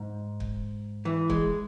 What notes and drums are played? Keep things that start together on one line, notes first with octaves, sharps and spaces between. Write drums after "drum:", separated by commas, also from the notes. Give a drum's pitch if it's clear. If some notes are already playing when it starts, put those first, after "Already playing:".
Already playing: G#2
drum: kick
E3
G#3, drum: kick